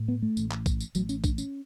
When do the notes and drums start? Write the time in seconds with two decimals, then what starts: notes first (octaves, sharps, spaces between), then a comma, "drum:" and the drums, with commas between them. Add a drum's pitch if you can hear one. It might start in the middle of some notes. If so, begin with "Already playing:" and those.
Already playing: A2
0.08 B3
0.22 A3
0.37 A1 A2, drum: tambourine
0.51 drum: clap
0.66 drum: kick, tambourine
0.81 drum: tambourine
0.95 A1 A2 F#3, drum: tambourine
1.09 C#4, drum: tambourine
1.24 D4, drum: kick, tambourine
1.38 C#4, drum: tambourine